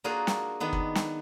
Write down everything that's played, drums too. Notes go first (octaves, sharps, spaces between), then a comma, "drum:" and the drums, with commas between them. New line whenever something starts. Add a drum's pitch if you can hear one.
A#3 D4 F4 F#4 G#4 A#4
drum: snare
D#3 B3 D4
drum: kick
drum: snare